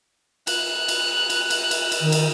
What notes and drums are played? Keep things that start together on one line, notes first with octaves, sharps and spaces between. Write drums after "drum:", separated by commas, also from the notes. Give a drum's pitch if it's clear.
F#6, drum: cymbal
drum: cymbal
drum: cymbal
drum: cymbal
drum: cymbal
drum: cymbal
D#3
drum: cymbal